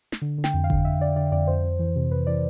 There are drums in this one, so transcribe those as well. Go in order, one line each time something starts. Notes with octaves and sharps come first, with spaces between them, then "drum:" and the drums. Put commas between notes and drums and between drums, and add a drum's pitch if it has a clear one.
drum: snare
D3
D3
G5, drum: snare
F2
F5
D3, drum: kick G1
D3 E5
D3 D5
D3 D5
F2 D5
F2 C5
F2
E3
C3
F2 B4
E3 D5